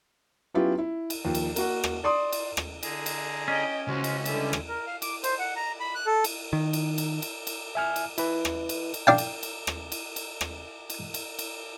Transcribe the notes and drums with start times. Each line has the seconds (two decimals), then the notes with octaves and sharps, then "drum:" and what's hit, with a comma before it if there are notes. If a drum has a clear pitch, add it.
0.54 F#3 B3 C#4 E4 F4 G4
0.78 E4
1.10 drum: cymbal
1.25 D#2 F3
1.35 drum: cymbal
1.56 A#3 F#4 F#5, drum: cymbal
1.84 drum: rim click
2.04 D5 C6 D#6
2.33 drum: cymbal
2.57 drum: rim click
2.83 D3 G#4 A#5, drum: cymbal
3.06 drum: cymbal
3.48 C#4 D#5 G5
3.88 C#2 G#3 F#4 C5
4.04 drum: cymbal
4.26 D3 G3 E5, drum: cymbal
4.53 drum: rim click
4.68 A#4
4.87 F5
5.02 D6, drum: cymbal
5.24 C5, drum: cymbal
5.39 F#5
5.56 A#5
5.80 B5
5.95 F#6
6.06 A4
6.24 drum: cymbal
6.53 D#3
6.73 drum: cymbal
6.98 drum: cymbal
7.22 drum: cymbal
7.47 drum: cymbal
7.75 E5 G#5 F6
7.96 drum: cymbal
8.18 E4 B4, drum: cymbal
8.45 drum: rim click
8.69 drum: cymbal
8.94 drum: cymbal
9.07 D4 F5 G5
9.18 drum: cymbal
9.43 drum: cymbal
9.67 drum: rim click
9.92 drum: cymbal
10.16 drum: cymbal
10.41 drum: rim click
10.90 drum: cymbal
11.14 drum: cymbal
11.39 drum: cymbal